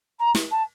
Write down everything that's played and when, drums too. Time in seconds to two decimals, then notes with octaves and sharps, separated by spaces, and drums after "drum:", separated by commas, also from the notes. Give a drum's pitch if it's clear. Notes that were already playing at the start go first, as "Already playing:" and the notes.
0.19 A#5
0.35 drum: snare
0.51 A5